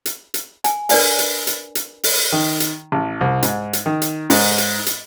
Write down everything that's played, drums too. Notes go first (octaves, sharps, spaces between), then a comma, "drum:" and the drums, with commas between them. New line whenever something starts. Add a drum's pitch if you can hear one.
drum: hi-hat
drum: hi-hat
G#5, drum: hi-hat
D4 A#4 B4 D5 G5 G#5, drum: open hi-hat
drum: hi-hat
drum: hi-hat
drum: hi-hat
drum: open hi-hat
D#3
drum: hi-hat
A1
C2
G#2, drum: hi-hat
drum: hi-hat
D#3
drum: hi-hat
G#2, drum: open hi-hat
drum: hi-hat
drum: hi-hat